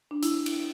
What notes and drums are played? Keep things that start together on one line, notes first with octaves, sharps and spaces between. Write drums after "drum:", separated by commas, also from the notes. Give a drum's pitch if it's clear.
D4
E4, drum: hi-hat
drum: cymbal